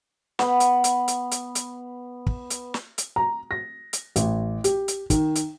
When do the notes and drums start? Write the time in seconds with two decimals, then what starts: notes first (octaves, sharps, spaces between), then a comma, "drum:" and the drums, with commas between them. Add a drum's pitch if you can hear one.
0.39 B3 B5, drum: snare
0.60 drum: hi-hat
0.84 drum: hi-hat
1.08 drum: hi-hat
1.31 drum: hi-hat
1.55 drum: hi-hat
2.26 drum: kick
2.50 drum: hi-hat
2.74 drum: snare
2.98 drum: hi-hat
3.16 A#5
3.51 A#6
3.93 drum: hi-hat
4.16 A1, drum: hi-hat
4.64 G4, drum: hi-hat
4.88 drum: hi-hat
5.10 D#3, drum: kick, hi-hat
5.35 drum: hi-hat